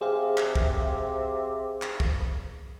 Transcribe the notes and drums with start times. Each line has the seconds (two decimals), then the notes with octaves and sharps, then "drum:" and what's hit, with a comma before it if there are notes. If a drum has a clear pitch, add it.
0.01 C3 G#4 C5 F5
0.37 drum: clap
0.55 drum: kick
1.82 drum: clap
2.00 drum: kick